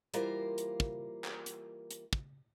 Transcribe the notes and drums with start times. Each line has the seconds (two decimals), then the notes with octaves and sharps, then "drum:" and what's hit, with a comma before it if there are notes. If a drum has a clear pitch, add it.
0.14 E3 G3 A#3 F4 A#4 C5, drum: hi-hat
0.58 drum: hi-hat
0.80 drum: kick
1.24 drum: clap
1.46 drum: hi-hat
1.91 drum: hi-hat
2.13 drum: kick